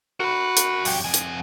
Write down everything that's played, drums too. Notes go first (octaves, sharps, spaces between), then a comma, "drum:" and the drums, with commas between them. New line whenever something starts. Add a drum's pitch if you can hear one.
F#4 A#4 B5
drum: hi-hat
F#2 G4, drum: open hi-hat
F2 G#5
drum: hi-hat